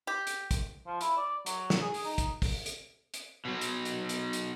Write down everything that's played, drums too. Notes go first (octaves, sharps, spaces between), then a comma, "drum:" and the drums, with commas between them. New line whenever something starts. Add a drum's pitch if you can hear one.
G4
drum: hi-hat
drum: kick, hi-hat
F3
E4, drum: hi-hat
D5
F#3, drum: hi-hat
drum: snare
G#4
drum: open hi-hat
D#4
drum: kick, hi-hat
drum: kick, open hi-hat
drum: hi-hat
drum: hi-hat
B2 F#3
drum: hi-hat
drum: hi-hat
drum: hi-hat
drum: hi-hat